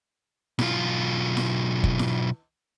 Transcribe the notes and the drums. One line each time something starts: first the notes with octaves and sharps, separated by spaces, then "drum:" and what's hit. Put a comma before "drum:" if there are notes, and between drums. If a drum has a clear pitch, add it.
B1 F4, drum: snare E4
drum: snare E4
drum: kick
drum: snare E4